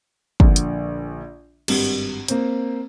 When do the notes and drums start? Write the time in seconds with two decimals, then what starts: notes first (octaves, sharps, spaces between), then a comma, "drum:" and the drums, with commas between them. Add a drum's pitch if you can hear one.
0.40 A#1 D3, drum: kick
0.56 drum: hi-hat
1.68 G#1 G2 G3, drum: cymbal
2.28 A#3 C4, drum: hi-hat